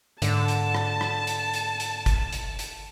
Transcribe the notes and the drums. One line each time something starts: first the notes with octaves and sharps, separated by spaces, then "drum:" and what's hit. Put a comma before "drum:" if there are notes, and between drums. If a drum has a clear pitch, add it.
G#2 D3 A5, drum: hi-hat
drum: hi-hat
drum: rim click
drum: rim click
drum: hi-hat
drum: hi-hat
drum: hi-hat
drum: kick, hi-hat
drum: hi-hat
drum: hi-hat